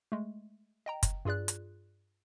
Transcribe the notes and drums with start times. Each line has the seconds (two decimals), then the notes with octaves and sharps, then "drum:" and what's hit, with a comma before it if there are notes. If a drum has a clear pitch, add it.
0.12 G#3 A3
0.86 D#5 G5 A#5
1.03 drum: kick, hi-hat
1.25 G2 F4 G#4 D5 F#6
1.48 drum: hi-hat